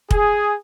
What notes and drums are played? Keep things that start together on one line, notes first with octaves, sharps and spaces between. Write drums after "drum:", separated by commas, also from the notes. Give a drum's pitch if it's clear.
G#4, drum: kick